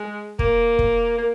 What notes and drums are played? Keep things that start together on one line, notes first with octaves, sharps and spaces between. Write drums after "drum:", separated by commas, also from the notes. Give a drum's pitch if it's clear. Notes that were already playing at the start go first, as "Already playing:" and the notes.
Already playing: G#3
A#3, drum: kick
drum: kick
A#3